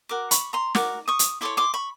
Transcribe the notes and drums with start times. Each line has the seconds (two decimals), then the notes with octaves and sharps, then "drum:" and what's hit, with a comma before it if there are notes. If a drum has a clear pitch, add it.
0.09 F#4 A#4 D6
0.31 B5 C#6, drum: hi-hat
0.53 A#5 C6
0.75 F#4 A#4 D6, drum: snare
1.08 C#6 D#6
1.19 drum: hi-hat
1.41 E4 A4 C#5 C6 D6
1.57 C6 D6
1.74 B5 C#6